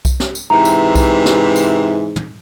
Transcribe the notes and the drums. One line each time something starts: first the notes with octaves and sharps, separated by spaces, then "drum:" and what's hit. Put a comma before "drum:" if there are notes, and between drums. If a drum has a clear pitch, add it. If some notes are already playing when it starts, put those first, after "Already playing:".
drum: kick B1, tambourine
drum: snare
drum: tambourine
G#2 C3 E3 A#5
drum: tambourine
drum: kick B1, tambourine
drum: snare
drum: tambourine
drum: tom